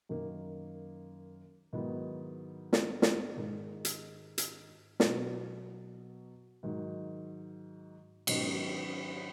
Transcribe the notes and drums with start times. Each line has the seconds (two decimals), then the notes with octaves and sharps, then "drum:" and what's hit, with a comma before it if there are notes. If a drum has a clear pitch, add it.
0.09 F#2 D#3 A#3
1.73 G#2 D#3 F#3 B3 E4
2.73 drum: snare
3.02 drum: snare
3.36 G#2 D#3 G#3
3.85 drum: hi-hat
4.38 drum: hi-hat
5.00 B2 F#3 B3, drum: snare
6.63 G#2 D#3 F#3
8.27 G#2 D#3 F#3 B3 D#4, drum: cymbal